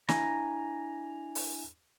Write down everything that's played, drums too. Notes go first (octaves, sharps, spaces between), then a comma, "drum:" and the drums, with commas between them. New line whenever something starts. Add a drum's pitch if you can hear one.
D4 E4 G#5 A#5, drum: snare
drum: open hi-hat